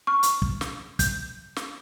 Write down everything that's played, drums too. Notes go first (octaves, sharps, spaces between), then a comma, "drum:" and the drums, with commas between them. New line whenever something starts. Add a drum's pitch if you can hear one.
C#6 F6
drum: hi-hat
drum: kick
drum: snare
G6, drum: kick, hi-hat
drum: snare